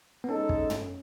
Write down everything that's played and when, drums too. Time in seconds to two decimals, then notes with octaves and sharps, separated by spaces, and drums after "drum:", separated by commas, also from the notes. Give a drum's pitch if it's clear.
0.24 B3
0.29 G#3 C#4 D#4 A4
0.49 drum: kick
0.70 drum: tom